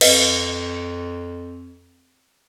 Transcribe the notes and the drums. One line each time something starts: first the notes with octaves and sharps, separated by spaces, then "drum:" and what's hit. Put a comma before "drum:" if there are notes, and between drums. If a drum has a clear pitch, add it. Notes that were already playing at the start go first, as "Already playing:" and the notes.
F2 B4 D#5 F5, drum: cymbal